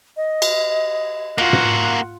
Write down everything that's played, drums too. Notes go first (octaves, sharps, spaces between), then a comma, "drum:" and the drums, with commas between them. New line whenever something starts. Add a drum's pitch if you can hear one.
D#5
drum: cymbal
A#3 F4 F#4 F#5, drum: rim click
drum: tom